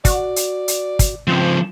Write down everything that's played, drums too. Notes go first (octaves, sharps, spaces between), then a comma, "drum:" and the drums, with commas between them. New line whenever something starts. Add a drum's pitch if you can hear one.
F#4 D5, drum: kick, hi-hat
drum: hi-hat
drum: hi-hat
drum: kick, hi-hat
C#3 F3 C4